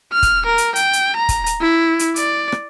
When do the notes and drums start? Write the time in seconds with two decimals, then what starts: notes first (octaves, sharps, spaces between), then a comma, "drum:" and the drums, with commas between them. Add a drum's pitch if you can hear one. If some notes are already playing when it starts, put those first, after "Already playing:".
0.13 F6
0.23 drum: kick, hi-hat
0.46 A#4
0.58 drum: hi-hat
0.76 G5, drum: hi-hat
0.93 drum: hi-hat
1.16 A#5
1.29 drum: kick, hi-hat
1.46 drum: hi-hat
1.61 E4
1.99 drum: hi-hat
2.16 D5, drum: hi-hat
2.52 drum: rim click